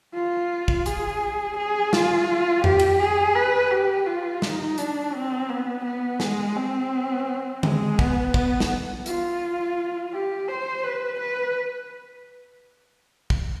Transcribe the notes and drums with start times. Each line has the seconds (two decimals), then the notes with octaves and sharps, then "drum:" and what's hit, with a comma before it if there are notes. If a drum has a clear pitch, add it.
0.14 F4
0.68 drum: kick
0.86 G#4, drum: hi-hat
1.57 G#4
1.93 F4, drum: snare
2.64 G4, drum: tom F2
2.79 drum: cymbal
3.00 G#4
3.35 B4
3.71 G4
4.06 F4
4.42 D#4, drum: snare
4.78 D4, drum: hi-hat
5.14 C4
5.49 B3
5.85 B3
6.20 G#3, drum: snare
6.56 C4
7.63 G#3, drum: tom D3
7.99 B3, drum: kick
8.34 B3, drum: kick
8.60 drum: snare
9.06 F4, drum: hi-hat
10.13 G4
10.48 C5
10.84 B4
11.19 B4
13.30 drum: kick